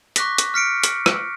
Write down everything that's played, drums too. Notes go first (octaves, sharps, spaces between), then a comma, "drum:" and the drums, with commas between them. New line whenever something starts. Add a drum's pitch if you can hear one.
C#6 D6 F#6 A#6 B6, drum: hi-hat
drum: hi-hat
F6 B6 C#7 D7
drum: hi-hat
drum: rim click